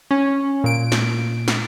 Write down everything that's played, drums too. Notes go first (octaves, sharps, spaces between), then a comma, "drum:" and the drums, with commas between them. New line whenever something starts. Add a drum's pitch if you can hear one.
C#4
A#2 D7
drum: snare
drum: snare